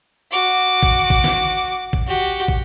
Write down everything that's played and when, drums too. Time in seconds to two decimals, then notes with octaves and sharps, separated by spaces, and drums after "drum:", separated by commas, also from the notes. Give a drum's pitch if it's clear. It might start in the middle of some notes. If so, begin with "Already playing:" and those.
0.32 F#4 D6
0.83 drum: kick
1.10 drum: kick
1.24 drum: snare
1.93 drum: kick
2.07 F#4 G4
2.48 drum: kick